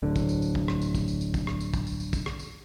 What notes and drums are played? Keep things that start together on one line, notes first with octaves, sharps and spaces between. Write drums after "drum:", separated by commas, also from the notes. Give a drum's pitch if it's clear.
D1 D3
drum: kick, tambourine
drum: tambourine
drum: tambourine
drum: kick
drum: rim click
drum: tambourine
drum: kick, tambourine
drum: tambourine
drum: tambourine
drum: kick, tambourine
drum: rim click
drum: tambourine
drum: kick, tambourine
drum: tambourine
drum: tambourine
drum: kick, tambourine
drum: rim click
drum: tambourine